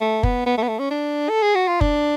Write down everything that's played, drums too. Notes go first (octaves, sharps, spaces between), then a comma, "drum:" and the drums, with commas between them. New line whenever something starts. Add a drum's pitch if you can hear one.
A3
B3, drum: kick F#1
B3
A3
B3
A3
C#4
D4
A4
G#4
F#4
F4
D4, drum: kick F#1